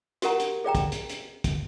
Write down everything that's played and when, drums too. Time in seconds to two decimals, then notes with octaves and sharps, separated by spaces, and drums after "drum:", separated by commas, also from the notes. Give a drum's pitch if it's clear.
0.22 F#4 G4 A#4 F#5 A#5, drum: hi-hat
0.40 drum: hi-hat
0.64 G#4 D5 G5 A#5
0.75 drum: kick, hi-hat
0.92 drum: hi-hat
1.09 drum: hi-hat
1.44 drum: kick, hi-hat